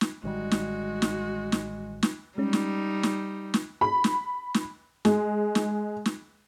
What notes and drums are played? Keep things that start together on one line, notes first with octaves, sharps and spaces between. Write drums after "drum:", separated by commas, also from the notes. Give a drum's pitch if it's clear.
drum: snare
A1 D#3 G3 G#3 F#4
drum: snare
drum: snare
drum: snare
drum: snare
G3 G#3 C#4 D#4
drum: snare
drum: snare
drum: snare
B5
drum: snare
drum: snare
G#3, drum: snare
drum: snare
drum: snare